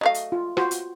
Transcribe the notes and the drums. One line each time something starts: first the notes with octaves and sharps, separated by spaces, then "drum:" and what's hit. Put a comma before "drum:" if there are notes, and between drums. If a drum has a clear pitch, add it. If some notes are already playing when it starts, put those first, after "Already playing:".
F#3 A3 D#5 F5
drum: hi-hat
F4
F4 F#4 C5, drum: rim click
drum: hi-hat